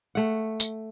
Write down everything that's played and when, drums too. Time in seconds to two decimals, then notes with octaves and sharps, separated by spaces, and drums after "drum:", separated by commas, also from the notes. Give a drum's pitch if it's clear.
0.15 A3 F#5
0.60 drum: tambourine